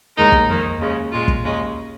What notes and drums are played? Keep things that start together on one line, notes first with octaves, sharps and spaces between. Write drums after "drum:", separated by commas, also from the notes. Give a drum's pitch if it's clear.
D#2 D#3 G#3 D#4 A#4
drum: kick
F2 D#3 A#3
D#2 C#3 G#3
A#2 G#3 F4
drum: kick
D#2 C#3 G#3